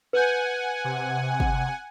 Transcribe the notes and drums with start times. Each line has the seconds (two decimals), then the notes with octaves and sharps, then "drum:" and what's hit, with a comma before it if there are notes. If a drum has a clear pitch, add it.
0.13 B4 F#5 G#5 G6
0.85 C3
1.40 drum: kick